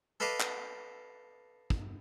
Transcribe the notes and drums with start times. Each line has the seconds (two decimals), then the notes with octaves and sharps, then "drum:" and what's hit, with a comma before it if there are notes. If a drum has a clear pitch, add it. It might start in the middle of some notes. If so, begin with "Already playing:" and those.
0.20 A4 B4 D#5 F5 A5 D6
0.40 drum: clap
1.70 drum: kick